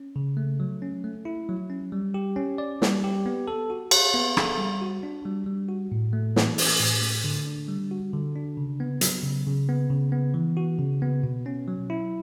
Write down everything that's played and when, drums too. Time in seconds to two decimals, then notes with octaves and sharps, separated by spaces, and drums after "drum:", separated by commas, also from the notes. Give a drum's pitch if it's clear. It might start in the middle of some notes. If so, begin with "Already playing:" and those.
Already playing: C#4
0.16 C#3
0.37 A3
0.60 F#3
0.82 C#4
1.04 A3
1.25 E4
1.49 F#3
1.70 C#4
1.92 G3
2.14 G4
2.36 C#4
2.58 D5
2.82 G3, drum: snare
3.04 G4
3.26 B3
3.47 A4
3.70 F#4
3.91 C#5, drum: cymbal
4.14 B3
4.37 A4, drum: rim click
4.58 G3
4.81 F#4
5.03 D4
5.25 G3
5.46 G3
5.69 F#4
5.92 A2
6.13 A3
6.36 E3, drum: snare
6.58 C#4, drum: open hi-hat
6.79 A2
7.02 A3
7.24 D3
7.47 D4
7.68 G3
7.91 F#4
8.13 D3
8.36 D4
8.57 C#3
8.80 B3
9.01 F#3, drum: hi-hat
9.23 C#3
9.46 C#3
9.69 B3
9.90 C#3
10.12 B3
10.34 E3
10.57 F#4
10.79 C#3
11.02 B3
11.24 B2
11.46 C#4
11.68 F#3
11.90 E4